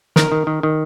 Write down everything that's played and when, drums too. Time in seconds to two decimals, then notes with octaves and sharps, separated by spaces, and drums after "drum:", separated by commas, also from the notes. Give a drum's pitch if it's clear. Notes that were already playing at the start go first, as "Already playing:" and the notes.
0.16 D#3 A#4, drum: snare
0.32 D#3
0.47 D#3
0.63 D#3